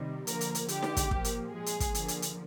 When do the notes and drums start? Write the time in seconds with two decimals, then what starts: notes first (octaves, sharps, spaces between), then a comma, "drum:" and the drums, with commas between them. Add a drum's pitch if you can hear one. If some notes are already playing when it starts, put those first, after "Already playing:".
Already playing: C3 D#3 G3
0.27 D3 F3 A#3 A#4, drum: hi-hat
0.41 drum: hi-hat
0.55 drum: hi-hat
0.68 D3 G#3 G4, drum: hi-hat
0.83 drum: snare D#4
0.97 drum: kick, hi-hat
1.11 A#2 F3 A#3, drum: kick
1.24 drum: hi-hat
1.52 A#2 F3 G#3 G#4
1.66 drum: hi-hat
1.80 drum: kick, hi-hat
1.95 D3 F3 A#3, drum: hi-hat
2.08 drum: hi-hat
2.22 drum: hi-hat